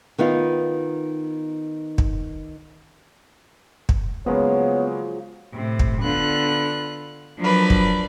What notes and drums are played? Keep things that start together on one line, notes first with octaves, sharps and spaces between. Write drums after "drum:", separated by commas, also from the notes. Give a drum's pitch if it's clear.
D#3 B3 D#4 F4
drum: kick
drum: kick
C#3 F3 F#3 G#3 A#3 B3 G#4 C#5
A2 C3
drum: kick
D3 B3 F4 F#6
F3 F#3 D4 A#4 B4 D5
drum: kick